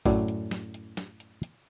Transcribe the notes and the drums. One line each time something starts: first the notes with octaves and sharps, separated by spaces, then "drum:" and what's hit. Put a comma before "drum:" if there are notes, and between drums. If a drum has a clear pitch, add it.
F#2 A2 F#3 D5, drum: kick A1, open hi-hat
drum: hi-hat
drum: snare
drum: hi-hat
drum: snare
drum: hi-hat
drum: hi-hat